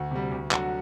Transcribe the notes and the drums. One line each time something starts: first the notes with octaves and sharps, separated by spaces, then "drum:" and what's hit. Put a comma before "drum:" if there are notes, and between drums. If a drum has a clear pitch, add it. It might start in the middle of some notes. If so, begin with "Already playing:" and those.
Already playing: D2 F#4
C3 G3
D2 G4
D3 F#3 F#4, drum: clap